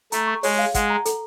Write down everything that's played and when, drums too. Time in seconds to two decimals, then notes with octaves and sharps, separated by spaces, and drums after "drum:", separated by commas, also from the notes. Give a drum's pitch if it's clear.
0.12 A3 A#5, drum: hi-hat
0.27 C#6
0.43 G#3 C#5, drum: open hi-hat
0.59 F5
0.74 G#3 F#5, drum: kick, hi-hat
0.90 A#5
1.05 A4, drum: hi-hat